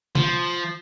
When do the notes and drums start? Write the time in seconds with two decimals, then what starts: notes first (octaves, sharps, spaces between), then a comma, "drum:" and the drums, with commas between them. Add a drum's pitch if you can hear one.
0.15 F3, drum: tom C3